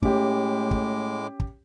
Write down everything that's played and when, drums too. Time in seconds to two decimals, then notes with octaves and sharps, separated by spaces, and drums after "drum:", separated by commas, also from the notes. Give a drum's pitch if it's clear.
0.02 A2 G#3 A3 C#4 G4 D6, drum: kick
0.71 drum: kick
1.40 drum: kick